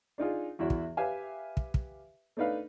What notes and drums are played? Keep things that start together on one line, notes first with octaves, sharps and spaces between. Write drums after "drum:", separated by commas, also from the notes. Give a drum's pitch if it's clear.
D4 D#4 F4 G#4
E2 E4 F#4 E5
drum: kick
G4 B4 E5 F5 G#5
drum: kick
drum: kick
A3 D4 D#4 B4 F5